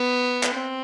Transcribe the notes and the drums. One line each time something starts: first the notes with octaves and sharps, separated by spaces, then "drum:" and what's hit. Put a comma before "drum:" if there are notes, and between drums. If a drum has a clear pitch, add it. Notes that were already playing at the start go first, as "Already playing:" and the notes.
Already playing: B3
drum: clap
C4